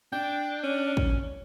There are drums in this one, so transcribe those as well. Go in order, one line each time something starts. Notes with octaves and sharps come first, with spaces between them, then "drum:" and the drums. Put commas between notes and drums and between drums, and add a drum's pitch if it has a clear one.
D4 G5
C#4
drum: kick